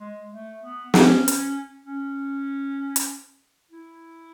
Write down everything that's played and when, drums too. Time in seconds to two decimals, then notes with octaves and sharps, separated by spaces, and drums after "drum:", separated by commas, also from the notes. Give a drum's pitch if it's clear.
0.01 G#3
0.32 A3
0.63 B3
0.94 C#4, drum: snare
1.28 drum: hi-hat
1.85 C#4
2.96 drum: hi-hat
3.71 E4